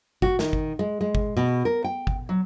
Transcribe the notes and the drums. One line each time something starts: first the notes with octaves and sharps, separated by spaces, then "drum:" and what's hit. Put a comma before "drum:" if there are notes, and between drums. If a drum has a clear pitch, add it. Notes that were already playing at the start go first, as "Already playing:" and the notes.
F#4, drum: kick G1
D#3, drum: snare
drum: kick G1
G#3
G#3
drum: kick G1
B2
A#4
G5
drum: kick G1
F#3